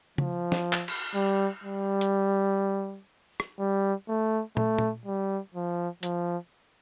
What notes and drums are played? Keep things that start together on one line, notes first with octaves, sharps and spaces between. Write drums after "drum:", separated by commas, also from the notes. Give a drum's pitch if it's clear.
F3, drum: tom C#3
drum: snare
drum: clap
drum: cymbal
G3
G3
drum: hi-hat
drum: rim click
G3
A3
A3, drum: tom
drum: tom
G3
F3
F3, drum: hi-hat